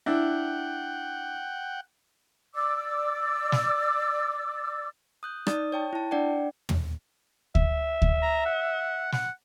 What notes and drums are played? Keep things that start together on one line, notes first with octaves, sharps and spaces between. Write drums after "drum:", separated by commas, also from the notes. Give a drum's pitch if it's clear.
D4 E4 F#5 G5
D5 D6 E6
drum: snare
D#6 F#6 G6
D#4 D5 D#6, drum: rim click
C#5 G5 A5
E4 A5
D4 D5 F#5 G5
drum: tom
E5, drum: kick D2
drum: kick D2
A#5
F#5
F#5, drum: snare